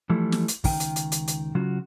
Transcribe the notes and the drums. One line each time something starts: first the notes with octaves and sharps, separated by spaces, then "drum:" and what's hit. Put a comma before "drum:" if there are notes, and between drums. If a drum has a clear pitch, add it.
E3 F3 G3 A3
drum: snare
drum: hi-hat
C#2 D#3 G5, drum: kick, open hi-hat
drum: hi-hat
drum: hi-hat
drum: hi-hat
drum: hi-hat
C#3 F#3 F4 F#4